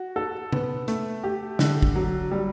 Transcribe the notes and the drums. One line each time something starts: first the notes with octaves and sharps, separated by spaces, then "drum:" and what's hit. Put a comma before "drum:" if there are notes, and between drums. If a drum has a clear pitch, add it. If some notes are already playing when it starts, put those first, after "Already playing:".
Already playing: F#4
A4
B3, drum: tom C3
A3, drum: hi-hat
G4
D3, drum: snare
drum: kick
F#3
G3